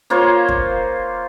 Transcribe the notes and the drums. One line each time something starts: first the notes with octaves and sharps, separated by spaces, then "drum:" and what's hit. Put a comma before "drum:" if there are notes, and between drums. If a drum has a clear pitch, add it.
A#3 F4 C5 C#5
drum: kick